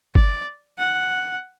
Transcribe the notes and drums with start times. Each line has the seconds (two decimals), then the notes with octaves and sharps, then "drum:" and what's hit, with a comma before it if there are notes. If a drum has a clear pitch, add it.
0.15 D5, drum: kick
0.78 F#5